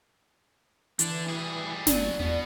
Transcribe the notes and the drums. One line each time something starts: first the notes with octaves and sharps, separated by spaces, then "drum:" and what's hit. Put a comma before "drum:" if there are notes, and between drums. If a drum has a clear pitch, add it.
D3 E3 D4, drum: hi-hat
G3 G#4
F#1 F#3 G#4 D5, drum: snare
E2 B2 B3